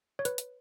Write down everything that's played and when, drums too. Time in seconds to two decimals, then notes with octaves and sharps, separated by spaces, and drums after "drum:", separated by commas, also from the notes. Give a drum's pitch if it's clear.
0.19 C#5
0.25 B4, drum: hi-hat
0.38 drum: hi-hat